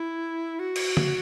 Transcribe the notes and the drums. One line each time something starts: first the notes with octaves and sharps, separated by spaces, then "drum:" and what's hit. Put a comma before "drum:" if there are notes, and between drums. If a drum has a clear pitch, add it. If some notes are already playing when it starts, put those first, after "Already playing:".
Already playing: E4
F#4
drum: cymbal
drum: tom D3